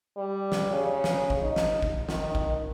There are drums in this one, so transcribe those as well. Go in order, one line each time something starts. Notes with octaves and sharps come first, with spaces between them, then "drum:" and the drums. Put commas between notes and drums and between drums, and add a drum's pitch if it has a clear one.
G3
drum: snare
C#3
drum: snare
drum: kick
D#4
drum: snare
drum: kick
D#3, drum: snare
drum: kick